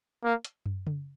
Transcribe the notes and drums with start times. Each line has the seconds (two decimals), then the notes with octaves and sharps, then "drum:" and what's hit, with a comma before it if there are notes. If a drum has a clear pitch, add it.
0.24 A#3
0.45 drum: hi-hat
0.66 drum: tom
0.87 drum: tom C#3